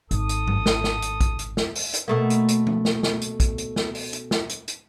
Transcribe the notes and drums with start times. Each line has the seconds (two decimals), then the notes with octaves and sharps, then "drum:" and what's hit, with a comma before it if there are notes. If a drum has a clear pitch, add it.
0.11 G#1 A4 D#6, drum: hi-hat
0.29 drum: hi-hat
0.47 drum: tom G2
0.66 drum: snare
0.84 drum: snare
1.02 drum: hi-hat
1.21 drum: kick, hi-hat
1.39 drum: hi-hat
1.57 drum: snare
1.75 drum: open hi-hat
1.94 drum: hi-hat
2.08 B2 A3 A#3
2.30 drum: hi-hat
2.48 drum: hi-hat
2.67 drum: tom F3
2.85 drum: snare
3.03 drum: snare
3.22 drum: hi-hat
3.40 drum: kick, hi-hat
3.58 drum: hi-hat
3.76 drum: snare
3.95 drum: open hi-hat
4.13 drum: hi-hat
4.31 drum: snare
4.49 drum: hi-hat
4.68 drum: hi-hat